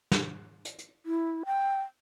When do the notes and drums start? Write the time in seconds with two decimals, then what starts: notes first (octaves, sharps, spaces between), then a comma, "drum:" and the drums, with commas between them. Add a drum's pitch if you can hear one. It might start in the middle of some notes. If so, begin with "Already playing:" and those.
0.12 drum: snare
0.65 drum: hi-hat
0.78 drum: hi-hat
1.06 E4
1.46 G5